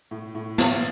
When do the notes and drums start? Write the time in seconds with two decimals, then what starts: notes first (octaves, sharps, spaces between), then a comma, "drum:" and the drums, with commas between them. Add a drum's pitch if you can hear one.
0.11 A2
0.35 A2
0.58 A1 F5, drum: snare